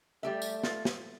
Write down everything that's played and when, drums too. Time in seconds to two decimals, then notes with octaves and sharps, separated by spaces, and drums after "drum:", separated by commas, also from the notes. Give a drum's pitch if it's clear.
0.23 G3 A3 G4 E5
0.42 drum: tambourine
0.63 F4, drum: snare
0.85 drum: snare